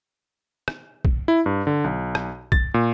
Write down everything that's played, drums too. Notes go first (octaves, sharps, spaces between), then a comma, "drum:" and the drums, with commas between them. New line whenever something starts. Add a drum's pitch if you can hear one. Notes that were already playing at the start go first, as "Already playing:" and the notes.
drum: rim click
drum: kick
E4
G2
D3
B1
drum: rim click
A6, drum: kick
A#2